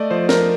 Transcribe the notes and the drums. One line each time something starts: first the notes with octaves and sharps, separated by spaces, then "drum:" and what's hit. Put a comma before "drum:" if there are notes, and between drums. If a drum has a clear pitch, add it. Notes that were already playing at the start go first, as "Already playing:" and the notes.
Already playing: A3 D5 D#5
F3 C5
A#4, drum: snare